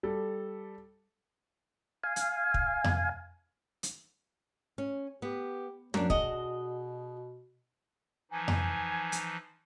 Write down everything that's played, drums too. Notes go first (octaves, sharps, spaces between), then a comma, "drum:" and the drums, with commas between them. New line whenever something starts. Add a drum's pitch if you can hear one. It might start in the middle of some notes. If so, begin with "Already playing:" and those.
G3 A4
F5 G#5
drum: hi-hat
drum: kick
drum: tom F2
drum: hi-hat
C#4
B3 G4
F#2 A#3 D4, drum: tom
B2 F#4 G#4 D#5, drum: kick
E3 F3 D#4 G#5
drum: tom F2
drum: hi-hat